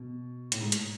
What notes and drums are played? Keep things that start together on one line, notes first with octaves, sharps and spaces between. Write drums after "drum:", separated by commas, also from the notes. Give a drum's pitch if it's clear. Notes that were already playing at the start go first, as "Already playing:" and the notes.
Already playing: B2
A2, drum: hi-hat
G#2
drum: hi-hat